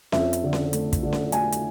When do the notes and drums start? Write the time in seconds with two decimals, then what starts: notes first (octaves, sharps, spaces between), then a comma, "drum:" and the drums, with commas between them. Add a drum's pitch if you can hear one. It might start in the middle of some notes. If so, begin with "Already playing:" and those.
0.12 F2 E5, drum: snare C#4
0.33 drum: hi-hat
0.43 D3
0.53 drum: snare C#4
0.73 A3, drum: hi-hat
0.93 drum: kick, hi-hat
1.03 D3
1.13 drum: snare C#4
1.32 A3 G#5, drum: hi-hat
1.52 drum: hi-hat